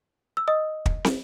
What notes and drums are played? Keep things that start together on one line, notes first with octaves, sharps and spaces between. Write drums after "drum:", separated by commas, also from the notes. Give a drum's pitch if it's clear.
E6
D#5 D#6
drum: kick
drum: snare